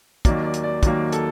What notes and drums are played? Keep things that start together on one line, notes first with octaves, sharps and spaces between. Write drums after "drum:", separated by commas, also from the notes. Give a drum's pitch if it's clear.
D#2 D#3 F#3 A#3 D5, drum: kick, hi-hat
D5
drum: hi-hat
D5
D#2 D#3 F#3 A#3, drum: kick, hi-hat
A4, drum: hi-hat